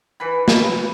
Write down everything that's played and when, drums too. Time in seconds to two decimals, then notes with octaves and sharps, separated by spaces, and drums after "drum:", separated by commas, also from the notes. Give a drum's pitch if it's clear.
0.20 E3 B4 B5
0.48 drum: snare